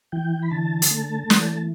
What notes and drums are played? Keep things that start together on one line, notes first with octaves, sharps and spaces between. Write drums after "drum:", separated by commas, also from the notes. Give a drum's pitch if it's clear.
E3 G5
B5
D3 A5
drum: hi-hat
A3
E3, drum: snare